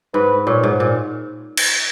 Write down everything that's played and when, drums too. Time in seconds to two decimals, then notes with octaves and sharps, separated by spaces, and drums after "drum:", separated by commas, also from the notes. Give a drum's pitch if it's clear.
0.14 G#2 B4
0.47 A#2 C#5
0.63 G#2
0.80 A#2
1.57 drum: cymbal